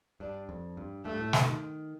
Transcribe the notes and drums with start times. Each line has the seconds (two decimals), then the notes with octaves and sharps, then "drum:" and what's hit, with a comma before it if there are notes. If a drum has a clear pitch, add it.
0.20 G2 D4
0.49 F2
0.77 G2
1.05 G2 A3
1.19 A2
1.33 G2, drum: snare
1.41 D3
1.48 D#3